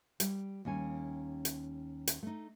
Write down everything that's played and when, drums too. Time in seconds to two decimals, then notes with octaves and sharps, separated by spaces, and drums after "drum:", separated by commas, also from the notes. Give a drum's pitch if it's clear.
0.20 G3, drum: hi-hat
0.65 D#2 G3 C#4 G#5
1.45 drum: hi-hat
2.07 drum: hi-hat
2.23 A3 D#4